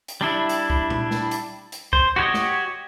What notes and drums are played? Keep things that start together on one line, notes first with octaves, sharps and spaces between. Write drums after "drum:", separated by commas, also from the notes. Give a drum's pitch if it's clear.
drum: hi-hat
G3 D4 E4
drum: hi-hat
drum: kick
drum: tom A#2
drum: snare
drum: hi-hat
drum: hi-hat
C5, drum: kick
F#4 G4 B4 C#5 D#5, drum: tom G#2
drum: snare